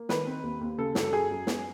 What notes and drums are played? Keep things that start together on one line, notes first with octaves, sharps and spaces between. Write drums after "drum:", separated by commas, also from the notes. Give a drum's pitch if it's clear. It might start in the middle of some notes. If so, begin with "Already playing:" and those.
Already playing: A#3
D#3 B4, drum: snare
C4
D#2
D#2
C#3 A4
F#2, drum: snare
A4
F#2 G#4
F#2
B3, drum: snare